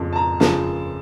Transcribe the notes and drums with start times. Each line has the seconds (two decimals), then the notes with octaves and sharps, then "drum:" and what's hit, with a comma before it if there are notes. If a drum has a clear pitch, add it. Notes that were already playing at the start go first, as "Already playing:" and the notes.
Already playing: F2 C#3 F3
0.13 A5
0.16 A#5
0.40 C#3 F3 A5, drum: snare